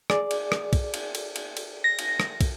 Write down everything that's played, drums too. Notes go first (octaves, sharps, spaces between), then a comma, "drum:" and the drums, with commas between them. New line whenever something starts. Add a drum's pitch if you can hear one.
G#4 D5, drum: rim click
drum: cymbal
drum: rim click
drum: kick, cymbal
drum: cymbal
drum: cymbal
drum: cymbal
drum: cymbal
A#6
drum: cymbal
drum: rim click
drum: kick, cymbal